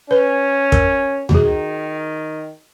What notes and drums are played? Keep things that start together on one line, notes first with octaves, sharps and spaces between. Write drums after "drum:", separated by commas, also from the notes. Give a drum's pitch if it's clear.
C#4 B4
A#4, drum: kick
F#4, drum: tom D#2
D#3 G#4